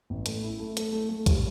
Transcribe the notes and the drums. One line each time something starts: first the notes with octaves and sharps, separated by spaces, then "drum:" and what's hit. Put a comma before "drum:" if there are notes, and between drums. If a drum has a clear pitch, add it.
A1
A3, drum: hi-hat
E4
A3
A3, drum: hi-hat
A3
A3
G3, drum: kick, hi-hat